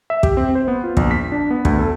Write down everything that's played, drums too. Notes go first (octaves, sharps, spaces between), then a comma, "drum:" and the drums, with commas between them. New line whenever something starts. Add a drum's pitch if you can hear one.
E5
G4, drum: kick
C4
C5
B3
F4
A#1, drum: kick
B6
D4
B3
D2, drum: kick
A4